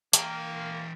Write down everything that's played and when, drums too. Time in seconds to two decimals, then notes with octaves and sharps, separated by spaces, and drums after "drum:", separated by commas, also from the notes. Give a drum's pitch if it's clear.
0.13 E3 A#3 G5, drum: hi-hat